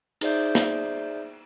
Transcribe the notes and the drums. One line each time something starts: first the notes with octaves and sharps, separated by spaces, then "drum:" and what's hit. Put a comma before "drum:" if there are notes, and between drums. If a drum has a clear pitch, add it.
D#4 G#4 C5 D5 E5 G6, drum: cymbal
drum: snare